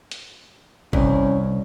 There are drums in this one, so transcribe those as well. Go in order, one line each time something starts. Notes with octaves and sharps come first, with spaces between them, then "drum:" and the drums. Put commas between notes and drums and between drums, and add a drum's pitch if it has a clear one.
drum: hi-hat
C2 C#4, drum: kick G#1